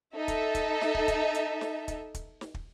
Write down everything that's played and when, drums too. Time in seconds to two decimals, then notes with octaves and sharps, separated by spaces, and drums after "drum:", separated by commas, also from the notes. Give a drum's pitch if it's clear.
0.15 D#4 A4 E5
0.28 drum: kick, hi-hat
0.55 drum: kick, hi-hat
0.81 drum: snare
0.95 drum: kick
1.08 drum: kick, hi-hat
1.35 drum: hi-hat
1.61 drum: snare
1.88 drum: kick, hi-hat
2.14 drum: kick, hi-hat
2.41 drum: snare
2.54 drum: kick